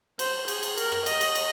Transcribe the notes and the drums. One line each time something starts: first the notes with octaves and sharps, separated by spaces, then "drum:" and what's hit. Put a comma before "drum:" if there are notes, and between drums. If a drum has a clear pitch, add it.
C5, drum: cymbal
G#4, drum: cymbal
drum: cymbal
A#4, drum: cymbal
drum: rim click
D#5, drum: cymbal
drum: cymbal
drum: cymbal